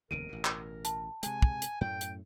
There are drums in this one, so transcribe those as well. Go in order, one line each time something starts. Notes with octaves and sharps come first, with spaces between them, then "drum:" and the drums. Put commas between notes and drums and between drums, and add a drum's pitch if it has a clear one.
F1 D#2 C#3 A#4 D7 D#7
A1 B2
drum: clap
A5, drum: hi-hat
C3 G#3 G#5, drum: hi-hat
drum: kick
drum: hi-hat
F#2 A2 A3 G5
drum: hi-hat